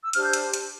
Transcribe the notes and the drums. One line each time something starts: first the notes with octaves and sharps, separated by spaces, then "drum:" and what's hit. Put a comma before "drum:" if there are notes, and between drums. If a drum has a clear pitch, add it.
E6
D4 G4 C5 F6, drum: hi-hat
G6
drum: hi-hat
drum: hi-hat